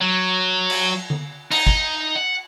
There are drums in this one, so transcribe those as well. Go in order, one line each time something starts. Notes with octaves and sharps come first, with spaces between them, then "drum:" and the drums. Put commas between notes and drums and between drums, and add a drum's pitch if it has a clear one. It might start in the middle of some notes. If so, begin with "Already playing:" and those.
F#3
drum: cymbal
drum: tom D3
D#4, drum: cymbal
drum: kick
F#5